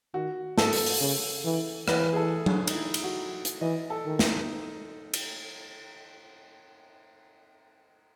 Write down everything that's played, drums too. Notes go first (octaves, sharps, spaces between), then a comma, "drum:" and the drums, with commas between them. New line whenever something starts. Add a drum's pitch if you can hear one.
D#3 F#4
G#2 A4, drum: snare
drum: open hi-hat
drum: open hi-hat
C#3
E3
E3 B4, drum: rim click
G#4
A4
G#4, drum: tom F#3
D#4, drum: cymbal
E4
drum: cymbal
F#4
drum: hi-hat
E3 D#5
A4
D#3
D#4, drum: snare
drum: cymbal